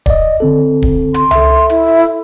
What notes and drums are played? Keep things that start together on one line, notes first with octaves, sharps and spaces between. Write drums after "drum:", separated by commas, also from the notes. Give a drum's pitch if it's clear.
D5 D#5, drum: kick D1
D3 C4 A4
drum: kick D1
C6, drum: hi-hat
A4 E5, drum: tom C#2
E4, drum: hi-hat